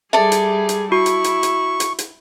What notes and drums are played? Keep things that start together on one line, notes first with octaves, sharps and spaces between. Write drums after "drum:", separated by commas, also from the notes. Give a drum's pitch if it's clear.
G3 G#4 A4 D5 E5
drum: hi-hat
drum: hi-hat
E4 F#4 C#6
drum: hi-hat
drum: hi-hat
drum: hi-hat
drum: hi-hat
drum: hi-hat